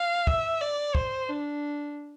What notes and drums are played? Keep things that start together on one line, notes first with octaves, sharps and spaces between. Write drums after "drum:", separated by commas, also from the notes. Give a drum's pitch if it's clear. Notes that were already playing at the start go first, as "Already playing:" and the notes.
Already playing: F5
E5, drum: kick
D5
C5, drum: kick
D4